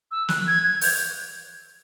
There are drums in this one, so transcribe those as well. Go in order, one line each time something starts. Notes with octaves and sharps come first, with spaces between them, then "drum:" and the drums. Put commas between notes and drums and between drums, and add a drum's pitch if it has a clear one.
E6
F#6, drum: snare
G#6
G#6
G6, drum: open hi-hat